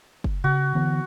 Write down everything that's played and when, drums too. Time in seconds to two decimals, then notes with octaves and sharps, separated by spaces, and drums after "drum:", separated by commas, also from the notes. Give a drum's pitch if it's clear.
0.24 drum: kick F#1
0.44 C#3 F#4
0.75 D3 E3 B3